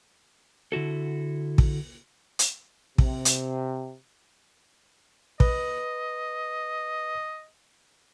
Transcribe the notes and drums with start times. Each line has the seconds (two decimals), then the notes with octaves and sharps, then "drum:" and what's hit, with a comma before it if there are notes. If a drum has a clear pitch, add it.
0.72 D3 E4 F#4 A4
1.58 drum: kick
2.39 drum: hi-hat
2.98 C3, drum: kick
3.25 drum: hi-hat
5.40 B4 D#5, drum: kick